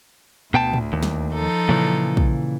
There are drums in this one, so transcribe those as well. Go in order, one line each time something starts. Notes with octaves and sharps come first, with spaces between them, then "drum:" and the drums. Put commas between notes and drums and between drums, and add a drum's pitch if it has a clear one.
D2 B2 G5 A5
drum: tom A2
D#2
drum: snare
F3 D#4 A4
A#2 C#3 E3
drum: kick